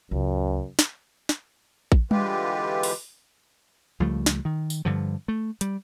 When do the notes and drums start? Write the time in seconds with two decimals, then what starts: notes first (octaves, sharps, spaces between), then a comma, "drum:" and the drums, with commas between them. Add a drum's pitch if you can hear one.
0.11 C#2 F#2
0.79 drum: snare
1.29 drum: snare
1.92 drum: kick A1
2.11 D3 E3 G#3 F4 G4 B4, drum: tom G3
2.83 drum: open hi-hat
4.00 C#2 F3 G3 A3
4.26 drum: snare
4.45 D#3
4.70 drum: tambourine
4.85 G2 D3 F3
5.28 A3
5.61 G3, drum: hi-hat